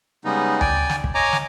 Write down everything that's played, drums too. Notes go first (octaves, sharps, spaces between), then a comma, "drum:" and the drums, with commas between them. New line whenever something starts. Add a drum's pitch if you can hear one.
C#3 G3 G#3 B3 D#4
D5 G5 G#5, drum: tom D2
drum: snare
drum: kick
C#5 D#5 G#5 A#5 D6
drum: snare